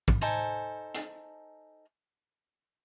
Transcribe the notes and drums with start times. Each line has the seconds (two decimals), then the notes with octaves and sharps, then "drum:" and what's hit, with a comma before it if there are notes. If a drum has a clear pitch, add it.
0.08 drum: kick
0.21 D#4 A4 C5 G#5, drum: tambourine
0.94 drum: hi-hat